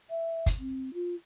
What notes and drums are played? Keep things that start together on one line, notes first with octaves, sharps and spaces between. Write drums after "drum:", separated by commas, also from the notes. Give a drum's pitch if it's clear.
E5
drum: kick, hi-hat
C4
F4